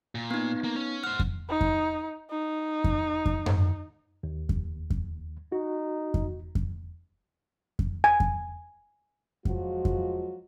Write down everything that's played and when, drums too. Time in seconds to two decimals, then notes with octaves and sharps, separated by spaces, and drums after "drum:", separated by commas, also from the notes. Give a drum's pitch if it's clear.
0.15 A#2
0.31 B3 D#4
0.64 A#3
0.76 C#4
1.04 C5 F#5 F6
1.19 drum: kick F2
1.50 D#4
1.61 drum: kick F2
2.31 D#4
2.84 drum: kick F2
3.26 drum: kick F2
3.46 drum: tom F#2
4.23 D#2
4.49 drum: kick F2
4.90 drum: kick F2
5.52 D#4 F#4
6.14 drum: kick F2
6.55 drum: kick F2
7.79 drum: kick F2
8.04 G#5
8.20 drum: kick F2
9.45 F3 F#3 G#3 F4 F#4, drum: kick F2
9.85 drum: kick F2